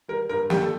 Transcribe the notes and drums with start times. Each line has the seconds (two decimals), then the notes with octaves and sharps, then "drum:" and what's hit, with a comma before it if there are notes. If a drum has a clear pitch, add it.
0.08 G3 A#4
0.29 G2 A#4
0.50 G3 G4, drum: snare
0.61 A4